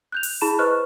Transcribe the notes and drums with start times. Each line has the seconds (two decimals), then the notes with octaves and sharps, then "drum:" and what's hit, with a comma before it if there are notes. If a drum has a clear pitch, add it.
0.12 F#6 G6 F7
0.23 drum: open hi-hat
0.41 E4 G#4 A5 B5 E7
0.59 B4 C5 D#5 C#6 F6 F#6